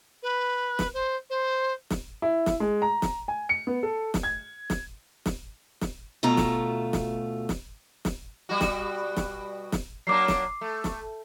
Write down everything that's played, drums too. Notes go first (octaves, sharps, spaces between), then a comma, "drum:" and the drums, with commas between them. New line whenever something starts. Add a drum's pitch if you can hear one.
B4
drum: snare
C5
C5
drum: snare
E4
drum: snare
G#3
A#5
drum: snare
G#5
C#7
B3
A4
drum: snare
G#6
drum: snare
drum: snare
drum: snare
D2 B2 A3 F4 A#5
drum: snare
drum: snare
drum: snare
drum: snare
B2 G3 F#4
drum: snare
drum: snare
drum: snare
F#3 A#3 D4 D6 C7
drum: snare
A3
drum: snare